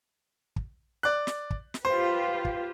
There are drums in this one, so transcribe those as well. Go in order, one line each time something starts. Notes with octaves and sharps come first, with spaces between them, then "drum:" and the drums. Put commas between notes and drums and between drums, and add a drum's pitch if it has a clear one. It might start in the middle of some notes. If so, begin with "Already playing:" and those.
drum: kick
D5 F#6
drum: snare
drum: kick
drum: snare
F4 G4 B4 C5
drum: kick